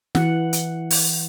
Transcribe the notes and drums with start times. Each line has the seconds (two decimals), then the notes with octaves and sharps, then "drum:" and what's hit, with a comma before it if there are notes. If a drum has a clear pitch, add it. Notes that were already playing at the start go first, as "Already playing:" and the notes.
0.15 E3 F#5, drum: snare
0.53 drum: hi-hat
0.91 drum: open hi-hat